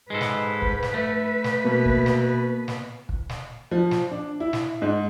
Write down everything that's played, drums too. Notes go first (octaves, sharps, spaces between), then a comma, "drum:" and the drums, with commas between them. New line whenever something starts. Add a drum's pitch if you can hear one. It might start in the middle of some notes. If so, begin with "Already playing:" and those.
G#2 G#3 A4 B4
drum: snare
drum: kick
drum: snare
A3
drum: snare
B2 A#3 B3
drum: kick
drum: snare
drum: snare
drum: kick
drum: snare
F3
drum: snare
D4
E4
drum: snare
G#2